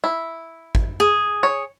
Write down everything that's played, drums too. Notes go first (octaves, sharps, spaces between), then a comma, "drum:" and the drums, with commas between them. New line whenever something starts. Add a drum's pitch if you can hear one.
E4
drum: kick G#1
G#4
C#5